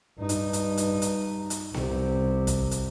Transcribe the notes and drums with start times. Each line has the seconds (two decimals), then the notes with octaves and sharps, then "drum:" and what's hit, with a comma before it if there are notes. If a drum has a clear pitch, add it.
0.19 G2 D#4
0.29 drum: hi-hat
0.53 drum: hi-hat
0.77 drum: hi-hat
1.02 drum: hi-hat
1.50 drum: hi-hat
1.74 C2 C3, drum: snare B3
2.47 drum: kick, hi-hat
2.71 drum: hi-hat